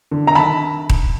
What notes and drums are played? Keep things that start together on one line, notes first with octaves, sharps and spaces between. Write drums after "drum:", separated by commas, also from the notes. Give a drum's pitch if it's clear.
D3
A#5
D#3 A5 B5
drum: kick D#1